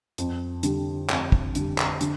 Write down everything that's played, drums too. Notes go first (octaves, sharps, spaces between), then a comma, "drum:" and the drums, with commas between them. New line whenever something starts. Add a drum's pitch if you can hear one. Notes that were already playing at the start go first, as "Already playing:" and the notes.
F2, drum: hi-hat
D3 G3, drum: hi-hat
F2, drum: clap
drum: kick
D3 G3, drum: hi-hat
drum: clap
D3, drum: hi-hat